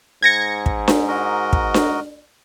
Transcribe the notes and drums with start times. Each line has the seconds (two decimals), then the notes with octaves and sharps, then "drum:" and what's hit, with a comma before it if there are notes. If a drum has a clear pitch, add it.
0.23 G#2 G#6 A#6 C#7
0.66 drum: kick
0.88 drum: snare D4
1.08 F#4 A#4 D#5
1.53 drum: kick
1.74 drum: snare D4